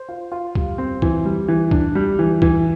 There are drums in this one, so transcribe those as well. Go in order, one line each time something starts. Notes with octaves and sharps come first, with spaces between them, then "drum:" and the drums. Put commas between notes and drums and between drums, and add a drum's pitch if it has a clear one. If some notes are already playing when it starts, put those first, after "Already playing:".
Already playing: C5
F4
F4
G3, drum: kick
C4
E3, drum: kick
G3
E3
D4, drum: kick
G3
E3
E3, drum: kick